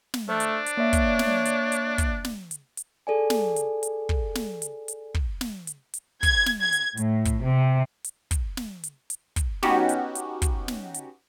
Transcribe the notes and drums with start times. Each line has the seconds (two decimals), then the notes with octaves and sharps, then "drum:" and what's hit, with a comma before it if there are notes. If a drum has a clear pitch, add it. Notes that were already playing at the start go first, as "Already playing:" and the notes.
0.14 drum: snare
0.29 A3 D4 C5
0.40 drum: hi-hat
0.66 drum: hi-hat
0.77 A#3 C#5 D5 E5
0.93 drum: kick, hi-hat
1.19 drum: snare
1.45 drum: hi-hat
1.72 drum: hi-hat
1.98 drum: kick, hi-hat
2.25 drum: snare
2.51 drum: hi-hat
2.77 drum: hi-hat
3.07 G#4 A4 D5 G#5
3.30 drum: snare
3.56 drum: hi-hat
3.83 drum: hi-hat
4.09 drum: kick
4.35 drum: snare
4.62 drum: hi-hat
4.88 drum: hi-hat
5.14 drum: kick
5.41 drum: snare
5.67 drum: hi-hat
5.94 drum: hi-hat
6.23 G#6, drum: kick, hi-hat
6.46 drum: snare
6.61 G#6
6.73 drum: hi-hat
6.97 A2, drum: hi-hat
7.25 drum: kick, hi-hat
7.44 C3
8.04 drum: hi-hat
8.31 drum: kick, hi-hat
8.57 drum: snare
8.84 drum: hi-hat
9.10 drum: hi-hat
9.36 drum: kick, hi-hat
9.63 B3 C#4 D#4 F#4 G4, drum: snare
9.89 drum: hi-hat
10.15 drum: hi-hat
10.42 drum: kick, hi-hat
10.68 drum: snare
10.94 drum: hi-hat